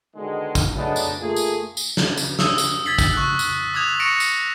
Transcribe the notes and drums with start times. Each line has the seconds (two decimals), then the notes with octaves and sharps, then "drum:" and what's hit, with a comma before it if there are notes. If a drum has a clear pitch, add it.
0.16 B2 D3 D#3 G#3
0.55 drum: kick, tambourine
0.76 F#3 G#3 A3 B3 D4 D#4
0.96 drum: tambourine
1.22 A3 A#3 F4 G#4
1.36 drum: tambourine
1.77 drum: tambourine
1.97 drum: snare
2.17 drum: tambourine
2.39 D#6 E6, drum: snare
2.58 drum: tambourine
2.86 G#6 A6 B6 C7 F#7
2.99 drum: kick, tambourine
3.14 C#6 F#6
3.39 drum: tambourine
3.74 D6 D#6 F#6 G#6 F7
4.00 C#6 A#6 C#7 D7 E7
4.20 drum: tambourine